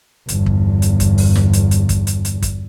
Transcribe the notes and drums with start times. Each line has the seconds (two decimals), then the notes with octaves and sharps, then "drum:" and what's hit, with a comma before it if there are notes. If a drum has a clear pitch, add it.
0.29 G1 E2, drum: hi-hat
0.46 drum: kick
0.82 drum: hi-hat
1.00 drum: kick, hi-hat
1.18 drum: open hi-hat
1.35 drum: snare
1.53 drum: hi-hat
1.71 drum: hi-hat
1.89 drum: kick, hi-hat
2.07 drum: hi-hat
2.25 drum: hi-hat
2.42 drum: kick, hi-hat